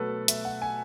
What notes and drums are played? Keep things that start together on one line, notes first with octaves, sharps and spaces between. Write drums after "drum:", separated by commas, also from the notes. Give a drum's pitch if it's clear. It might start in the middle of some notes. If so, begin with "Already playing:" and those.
Already playing: B2 F#3 A3 A4 B4
E5, drum: hi-hat
F#5
G#5